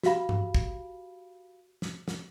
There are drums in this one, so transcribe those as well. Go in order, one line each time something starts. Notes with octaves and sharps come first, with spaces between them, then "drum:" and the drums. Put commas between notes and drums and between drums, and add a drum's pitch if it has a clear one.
F#4 G4 F5 B5, drum: snare
drum: tom G2
drum: kick
drum: snare
drum: snare